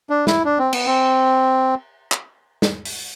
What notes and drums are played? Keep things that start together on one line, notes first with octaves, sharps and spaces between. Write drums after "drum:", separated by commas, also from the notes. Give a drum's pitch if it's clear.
D4
E4, drum: snare
D4
C4
B3, drum: cymbal
C4
drum: clap
drum: snare
drum: open hi-hat